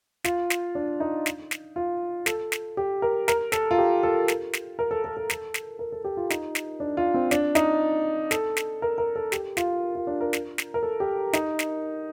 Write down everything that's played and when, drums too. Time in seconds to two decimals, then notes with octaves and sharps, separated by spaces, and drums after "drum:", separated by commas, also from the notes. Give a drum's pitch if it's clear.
0.24 F4, drum: snare
0.50 drum: snare
0.75 D4
1.00 D#4
1.26 drum: snare
1.51 drum: snare
1.76 F4
2.26 A4, drum: snare
2.52 drum: snare
2.77 G4
3.02 A#4
3.28 A#4, drum: snare
3.52 A4, drum: snare
3.71 F4
3.78 G4
4.03 A4
4.28 drum: snare
4.53 drum: snare
4.79 A#4
4.91 A4
5.04 A4
5.17 A4
5.30 A4, drum: snare
5.54 drum: snare
5.79 A#4
5.92 A4
6.05 G4
6.17 F4
6.30 D#4, drum: snare
6.55 drum: snare
6.80 D4
6.97 F4
7.14 C4
7.31 D4, drum: snare
7.55 D#4, drum: snare
8.31 A4, drum: snare
8.57 drum: snare
8.82 A#4
8.98 A#4
9.16 A4
9.32 G4, drum: snare
9.57 F4, drum: snare
9.95 F4
10.07 D4
10.21 A#4
10.33 drum: snare
10.58 drum: snare
10.74 A#4
10.83 A4
11.00 G4
11.33 D#4, drum: snare
11.59 drum: snare